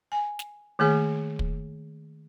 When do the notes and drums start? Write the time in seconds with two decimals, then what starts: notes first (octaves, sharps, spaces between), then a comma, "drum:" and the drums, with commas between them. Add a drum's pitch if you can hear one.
0.12 G#5
0.39 drum: snare
0.79 D#3 A3 A#3 G#4 C#5
1.39 drum: kick